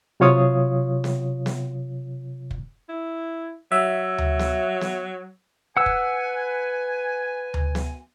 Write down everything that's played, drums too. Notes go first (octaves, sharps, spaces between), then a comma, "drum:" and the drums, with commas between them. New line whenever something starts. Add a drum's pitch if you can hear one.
C3 F#3 F4 C#5 F5 D#6
drum: snare
drum: snare
drum: kick
E4
F#3 E5
drum: tom D2
drum: snare
drum: snare
B4 F#5 G#5 E6
drum: kick
drum: tom D2
drum: snare